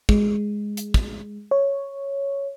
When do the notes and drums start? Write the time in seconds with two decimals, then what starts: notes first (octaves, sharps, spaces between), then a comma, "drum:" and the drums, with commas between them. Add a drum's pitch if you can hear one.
0.09 G#3, drum: kick
0.77 drum: hi-hat
0.94 drum: kick
1.51 C#5